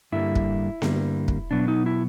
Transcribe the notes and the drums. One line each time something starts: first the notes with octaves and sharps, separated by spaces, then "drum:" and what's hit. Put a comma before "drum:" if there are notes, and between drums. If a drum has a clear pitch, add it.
G2 D3 G3 A#3 E4
drum: kick
G2 D3 G3 A#3, drum: snare B3
drum: kick
B2 F#3 B3 D4
D#4
E4